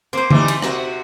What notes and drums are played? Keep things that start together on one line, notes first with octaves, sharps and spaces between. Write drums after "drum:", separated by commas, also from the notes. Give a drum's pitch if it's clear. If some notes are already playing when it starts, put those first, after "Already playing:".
A#3 C4 C5
E3 G3 D#4, drum: tom D3
drum: cymbal
C3 F#4, drum: rim click